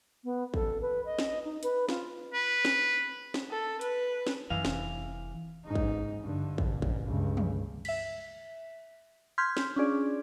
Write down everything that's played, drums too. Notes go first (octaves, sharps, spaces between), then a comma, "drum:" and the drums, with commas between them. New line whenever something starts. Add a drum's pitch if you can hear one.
B3
A4, drum: kick A1
B4
D#5
drum: snare
D#4
B4, drum: hi-hat
F4, drum: snare
B4
drum: snare
drum: snare
A4
B4, drum: hi-hat
drum: snare
F#2 E3 F5
F1, drum: snare
G#2 D#4
drum: kick A1
G2 D3
drum: kick A1
A#2
drum: kick A1
C#2 G2
drum: tom
E5 B6, drum: cymbal
C6 F6 G6 G#6 B6
drum: snare
C#4 D4 F4 G#4 D5